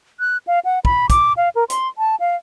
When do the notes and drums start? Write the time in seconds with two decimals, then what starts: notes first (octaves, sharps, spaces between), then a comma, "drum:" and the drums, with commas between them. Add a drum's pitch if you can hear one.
0.20 F#6
0.47 F5
0.65 F#5
0.85 B5, drum: kick
1.10 D6, drum: kick, hi-hat
1.37 F5
1.55 A#4
1.70 C6, drum: hi-hat
1.98 A5
2.20 F5